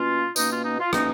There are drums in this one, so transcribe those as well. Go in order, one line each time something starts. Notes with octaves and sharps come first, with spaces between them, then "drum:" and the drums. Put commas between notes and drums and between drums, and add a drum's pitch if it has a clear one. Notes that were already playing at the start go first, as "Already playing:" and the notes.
Already playing: B2 A#3 C#4 F4
B2 A#3 C#4 D#4, drum: tambourine
F4
D#4
F4
B2 A#3 C#4 D#4, drum: rim click